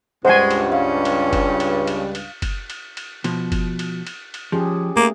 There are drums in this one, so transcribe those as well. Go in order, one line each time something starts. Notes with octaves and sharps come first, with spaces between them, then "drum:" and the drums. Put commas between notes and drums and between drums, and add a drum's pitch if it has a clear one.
C#2 G2 G#3 C5 F#5 G#5 C#6
drum: cymbal
C#4 F5
drum: cymbal
drum: kick, cymbal
drum: cymbal
drum: cymbal
drum: cymbal
drum: kick, cymbal
drum: cymbal
drum: cymbal
B2 F3, drum: cymbal
drum: kick, cymbal
drum: cymbal
drum: cymbal
drum: cymbal
F3 C#4 G4 G#4
A3 A#3 G#4